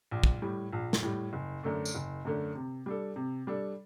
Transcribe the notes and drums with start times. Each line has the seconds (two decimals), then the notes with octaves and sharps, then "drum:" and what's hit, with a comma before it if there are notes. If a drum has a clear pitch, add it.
0.11 A#1
0.24 drum: kick
0.42 A2 G3
0.73 A#1
0.93 drum: snare
1.03 A2 G3
1.33 F#1
1.63 F#2 D3 A3 D4
1.85 drum: tambourine
1.95 F#1
2.25 F#2 D3 A3 D4
2.55 C3
2.86 G3 D4 A4
3.16 C3
3.47 G3 D4 A4